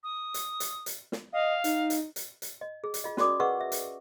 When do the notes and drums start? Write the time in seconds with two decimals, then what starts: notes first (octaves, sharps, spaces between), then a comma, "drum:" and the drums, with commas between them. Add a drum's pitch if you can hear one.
0.04 D#6
0.34 drum: hi-hat
0.60 drum: hi-hat
0.86 drum: hi-hat
1.12 drum: snare
1.33 D#5 F5
1.64 D#4, drum: hi-hat
1.90 drum: hi-hat
2.16 drum: hi-hat
2.42 drum: hi-hat
2.61 D#5
2.84 G#4
2.94 drum: hi-hat
3.04 F4 D#5
3.17 C#4 F#4 A#4 D5 D6 D#6, drum: snare
3.40 G#4 B4 D#5 F#5 C#6 E6
3.61 E5
3.72 drum: hi-hat